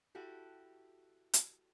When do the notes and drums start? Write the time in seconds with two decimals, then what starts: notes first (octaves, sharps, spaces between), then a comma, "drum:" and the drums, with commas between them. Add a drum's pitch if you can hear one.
0.15 E4 F#4 G4 A4
1.34 drum: hi-hat